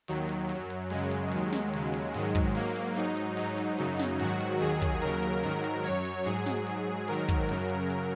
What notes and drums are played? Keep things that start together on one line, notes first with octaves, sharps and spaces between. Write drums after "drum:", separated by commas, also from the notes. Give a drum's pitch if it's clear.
D#2 D#3 F#3, drum: hi-hat
drum: hi-hat
F#2 F#3, drum: hi-hat
drum: hi-hat
F#2 C#3 F#3 G#3, drum: hi-hat
drum: hi-hat
D#2 D#3 F#3, drum: hi-hat
drum: snare
D#2 C#3 F#3, drum: hi-hat
drum: open hi-hat
G#2 D#3 F#3 G#3, drum: hi-hat
drum: kick, hi-hat
G#2 F#3 A#3, drum: hi-hat
drum: hi-hat
G#2 F#3 D#4, drum: hi-hat
drum: hi-hat
G#2 F#3 D#4, drum: hi-hat
drum: hi-hat
F#2 C#3 F#3, drum: hi-hat
drum: snare
G#2 D#3 F#3 F#4, drum: hi-hat
drum: open hi-hat
D#2 D#3 F#3 G#4, drum: hi-hat
drum: kick, hi-hat
D#2 C#3 F#3 A#4, drum: hi-hat
drum: hi-hat
G#2 D#3 F#3 A#4, drum: hi-hat
drum: hi-hat
F#2 F#3 C#5, drum: hi-hat
drum: hi-hat
G#2 F#3 G#4, drum: hi-hat
drum: snare
G#2 F#3, drum: hi-hat
G#2 D#3 F#3 A#4, drum: hi-hat
drum: kick, hi-hat
F#2 C#3 F#3, drum: hi-hat
drum: hi-hat
drum: hi-hat